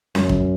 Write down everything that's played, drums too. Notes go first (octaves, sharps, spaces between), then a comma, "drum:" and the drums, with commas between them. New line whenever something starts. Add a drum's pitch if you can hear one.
F#2, drum: snare C#4
drum: kick